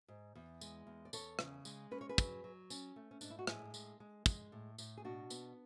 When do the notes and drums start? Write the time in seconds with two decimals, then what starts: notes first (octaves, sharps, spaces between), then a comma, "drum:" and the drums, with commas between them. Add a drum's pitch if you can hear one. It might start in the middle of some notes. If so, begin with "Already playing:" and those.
0.08 G#2
0.35 E2
0.61 G#3, drum: tambourine
0.87 E2
1.05 D5
1.13 E2 A4 C#5, drum: tambourine
1.39 C#3, drum: rim click
1.65 G#3, drum: tambourine
1.91 C#4 B4
2.01 C#5
2.09 G#4 B4
2.18 F#3, drum: kick, tambourine
2.44 F#3
2.70 C#4, drum: tambourine
2.96 A3
3.11 C#4
3.21 G#2 D4, drum: tambourine
3.30 E4
3.39 F#4
3.47 A2 E4 G#4, drum: rim click
3.74 G#3, drum: tambourine
4.00 G#3
4.26 G#3, drum: kick, tambourine
4.52 A2
4.78 A2, drum: tambourine
4.97 G#4
5.05 B2 D4 F#4
5.30 B3, drum: tambourine